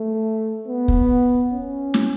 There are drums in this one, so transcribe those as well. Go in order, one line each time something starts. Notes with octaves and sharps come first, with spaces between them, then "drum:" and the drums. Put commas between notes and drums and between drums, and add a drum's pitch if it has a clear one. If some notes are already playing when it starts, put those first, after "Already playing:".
Already playing: A3
B3
drum: kick
C#4
drum: snare